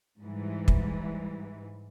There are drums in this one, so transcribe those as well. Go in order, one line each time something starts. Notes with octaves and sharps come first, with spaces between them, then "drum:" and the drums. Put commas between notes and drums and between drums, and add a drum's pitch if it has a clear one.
G#2 E3 G3
drum: kick